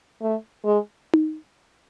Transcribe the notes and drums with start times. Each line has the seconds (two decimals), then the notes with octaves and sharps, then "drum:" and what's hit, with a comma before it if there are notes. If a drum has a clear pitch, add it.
0.22 A3
0.64 G#3
1.14 drum: tom D#4